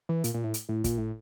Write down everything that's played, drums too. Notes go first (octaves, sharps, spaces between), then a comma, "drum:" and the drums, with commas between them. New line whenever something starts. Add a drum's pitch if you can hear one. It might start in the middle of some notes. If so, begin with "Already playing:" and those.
E3
A#2, drum: hi-hat
A#2
A2
drum: hi-hat
A2
A#2, drum: kick, hi-hat
A2